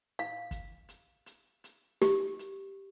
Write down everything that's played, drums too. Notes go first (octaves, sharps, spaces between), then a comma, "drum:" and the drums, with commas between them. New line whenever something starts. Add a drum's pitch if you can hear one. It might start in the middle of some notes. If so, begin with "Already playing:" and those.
F5
drum: kick, hi-hat
drum: hi-hat
drum: hi-hat
drum: hi-hat
G4, drum: snare
drum: hi-hat